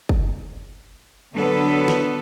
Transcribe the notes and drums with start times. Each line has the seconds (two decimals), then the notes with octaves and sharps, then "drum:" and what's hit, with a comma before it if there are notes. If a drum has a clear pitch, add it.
0.09 drum: kick
1.35 D3 F#3 B3 A4 B4
1.88 drum: snare